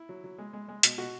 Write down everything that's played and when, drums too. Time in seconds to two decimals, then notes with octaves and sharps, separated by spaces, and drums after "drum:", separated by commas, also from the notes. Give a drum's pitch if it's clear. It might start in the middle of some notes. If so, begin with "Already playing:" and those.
Already playing: E4
0.09 F#3
0.24 F#3
0.38 G#3
0.53 G#3
0.68 G#3
0.83 B2, drum: hi-hat
0.98 B2 F#4